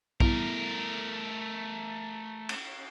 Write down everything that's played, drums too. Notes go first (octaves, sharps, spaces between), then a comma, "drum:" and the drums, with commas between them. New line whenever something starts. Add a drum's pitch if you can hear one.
G3 A3 B3 E4 A#4, drum: kick
drum: cymbal